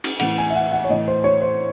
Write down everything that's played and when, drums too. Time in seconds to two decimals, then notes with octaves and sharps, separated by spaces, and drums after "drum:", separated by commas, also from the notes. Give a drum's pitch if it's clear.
0.04 drum: cymbal
0.19 A2 E3 F#5, drum: cymbal
0.38 G#5
0.50 E5
0.55 F#5
0.72 F#5
0.84 C#5
0.89 A2 E3 D#5
1.08 C5
1.24 C#5
1.42 C5